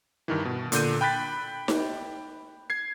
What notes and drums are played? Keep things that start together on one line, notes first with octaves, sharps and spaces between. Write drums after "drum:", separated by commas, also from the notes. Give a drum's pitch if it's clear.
G2 D#3 E3
B2
A#2 D3 G6 D#7, drum: hi-hat
G5 B5 F#6 A6 B6
drum: snare D#4
G#6 C7